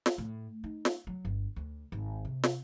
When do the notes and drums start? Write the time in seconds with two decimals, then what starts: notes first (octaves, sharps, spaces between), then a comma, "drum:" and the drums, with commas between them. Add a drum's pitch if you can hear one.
0.06 drum: snare
0.18 A2
0.64 D#4
0.85 drum: snare
1.07 F#3
1.25 G1
1.56 D2
1.92 G#1
2.25 C3
2.44 drum: snare